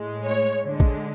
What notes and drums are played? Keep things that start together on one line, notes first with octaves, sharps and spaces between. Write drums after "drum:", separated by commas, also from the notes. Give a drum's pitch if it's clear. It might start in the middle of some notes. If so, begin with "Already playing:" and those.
Already playing: A2 G#3
C#5
D3 G#3
drum: kick A#1